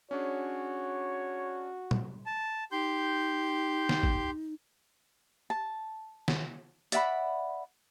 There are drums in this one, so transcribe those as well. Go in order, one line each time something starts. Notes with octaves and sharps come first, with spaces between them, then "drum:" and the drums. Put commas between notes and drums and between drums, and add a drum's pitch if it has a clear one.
C#4 D4 F#4 G#4 C#5
drum: tom
A5
D#4 G4 C6 G6
drum: snare
drum: kick G#1
A5
drum: snare
D5 E5 F#5 B5, drum: hi-hat